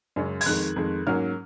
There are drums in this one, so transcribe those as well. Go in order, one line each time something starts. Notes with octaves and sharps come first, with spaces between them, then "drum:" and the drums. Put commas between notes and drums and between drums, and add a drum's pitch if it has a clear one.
F#2 C#3 G#3 C#4
G#6, drum: open hi-hat
F2 D#3 G#3 F#6
F2 D#3 G#3
G#2 F#3 A#3 C#4 F6